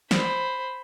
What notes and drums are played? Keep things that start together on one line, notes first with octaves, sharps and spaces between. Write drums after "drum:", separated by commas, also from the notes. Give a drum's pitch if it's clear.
C5 B5, drum: snare